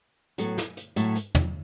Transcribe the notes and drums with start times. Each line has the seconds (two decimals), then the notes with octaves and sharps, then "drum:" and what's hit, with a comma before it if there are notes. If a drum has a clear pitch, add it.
0.38 A2 F#3 B3 F#4 A4, drum: hi-hat
0.58 drum: snare
0.77 drum: hi-hat
0.96 A2 F#3 A3 E4 A4, drum: hi-hat
1.15 drum: hi-hat
1.35 drum: tom